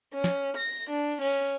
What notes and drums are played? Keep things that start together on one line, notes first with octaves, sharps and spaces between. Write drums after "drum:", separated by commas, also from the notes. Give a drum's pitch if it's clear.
C#4
drum: snare
A#6
D4
C#4, drum: cymbal